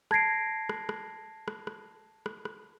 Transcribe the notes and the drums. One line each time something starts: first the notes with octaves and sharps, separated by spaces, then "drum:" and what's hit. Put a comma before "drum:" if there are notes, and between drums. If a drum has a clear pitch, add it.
A5 G#6 A#6 C7 D7, drum: rim click
drum: rim click
drum: rim click
drum: rim click
drum: rim click
drum: rim click
drum: rim click